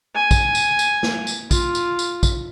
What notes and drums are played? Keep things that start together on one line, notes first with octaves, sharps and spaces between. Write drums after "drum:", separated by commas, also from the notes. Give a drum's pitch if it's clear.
G#5
drum: kick, tambourine
drum: tambourine
drum: tambourine
drum: snare
drum: tambourine
F4, drum: kick, tambourine
drum: tambourine
drum: tambourine
drum: kick, tambourine